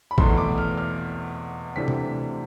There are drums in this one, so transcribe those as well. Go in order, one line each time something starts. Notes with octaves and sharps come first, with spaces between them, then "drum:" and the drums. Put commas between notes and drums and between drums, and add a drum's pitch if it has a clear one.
B5
E2 B2 A3 C6, drum: kick A1
D6
F6
F6
D2 C3 E3 A3 D4 B6
drum: tom B2